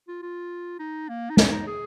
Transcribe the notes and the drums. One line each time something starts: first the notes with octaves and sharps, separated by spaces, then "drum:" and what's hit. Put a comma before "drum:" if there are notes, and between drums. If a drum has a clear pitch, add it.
F4
F4
D#4
A#3
D#4
C#4, drum: snare
D#4
G#4